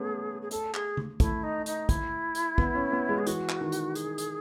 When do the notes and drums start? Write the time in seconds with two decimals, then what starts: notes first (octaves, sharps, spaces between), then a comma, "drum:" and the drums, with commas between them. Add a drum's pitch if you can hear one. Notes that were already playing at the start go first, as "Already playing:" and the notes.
Already playing: A3 B3 C#4 G#4
0.42 G#4
0.51 A4, drum: hi-hat
0.74 G#4, drum: clap
0.97 drum: tom C#3
1.20 A3 E4, drum: kick, hi-hat
1.43 D#4
1.66 D#4, drum: hi-hat
1.89 E4, drum: kick, hi-hat
2.35 drum: hi-hat
2.58 B3, drum: kick
2.75 C#4
2.92 B3
3.09 G#3
3.18 G#4
3.27 E3 F#4, drum: hi-hat
3.49 drum: clap
3.61 D#3
3.72 drum: hi-hat
3.95 G#4, drum: hi-hat
4.18 drum: hi-hat